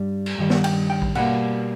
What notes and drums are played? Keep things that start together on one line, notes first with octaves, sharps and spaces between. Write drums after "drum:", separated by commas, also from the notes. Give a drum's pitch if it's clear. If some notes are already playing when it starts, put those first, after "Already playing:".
Already playing: G2 G3
drum: cymbal
G2 D#3 G3
drum: snare
G5, drum: cymbal
G5
drum: kick A#1
B2 G3 A#3 F#5, drum: cymbal